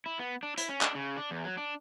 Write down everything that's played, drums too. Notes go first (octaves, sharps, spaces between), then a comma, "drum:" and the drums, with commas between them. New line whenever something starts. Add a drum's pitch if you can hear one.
E4
B3
D4
E4, drum: hi-hat
C#4
D4, drum: clap
C#3
D4
E2
F#3
D4